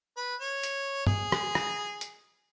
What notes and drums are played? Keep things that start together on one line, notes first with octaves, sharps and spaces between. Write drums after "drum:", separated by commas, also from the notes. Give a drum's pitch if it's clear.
B4
C#5
drum: hi-hat
G#4, drum: tom
drum: rim click
drum: rim click
drum: hi-hat